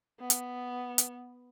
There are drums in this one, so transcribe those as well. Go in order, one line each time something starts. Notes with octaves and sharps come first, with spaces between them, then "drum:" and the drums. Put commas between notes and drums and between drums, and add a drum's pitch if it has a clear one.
B3
drum: hi-hat
drum: hi-hat